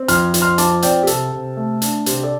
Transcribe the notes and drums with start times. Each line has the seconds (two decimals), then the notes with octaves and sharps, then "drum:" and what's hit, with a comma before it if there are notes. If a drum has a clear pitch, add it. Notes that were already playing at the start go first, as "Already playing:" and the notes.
Already playing: C4
0.08 F2 C6 F6, drum: hi-hat
0.34 F2, drum: hi-hat
0.42 C6 F6
0.58 F3 A5 D6, drum: hi-hat
0.82 C4 D5 G5, drum: hi-hat
1.03 G4
1.07 C3 A4, drum: hi-hat
1.32 C3
1.57 A3
1.82 D4, drum: hi-hat
2.06 C3 G4 C5, drum: hi-hat
2.23 A4 D5